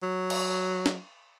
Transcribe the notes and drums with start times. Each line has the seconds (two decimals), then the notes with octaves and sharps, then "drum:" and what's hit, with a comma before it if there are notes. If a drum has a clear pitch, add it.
0.03 F#3
0.30 drum: cymbal
0.86 drum: snare